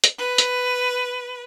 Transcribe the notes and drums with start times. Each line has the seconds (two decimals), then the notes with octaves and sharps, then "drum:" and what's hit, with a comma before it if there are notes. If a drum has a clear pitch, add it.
0.04 drum: hi-hat
0.19 B4
0.38 drum: hi-hat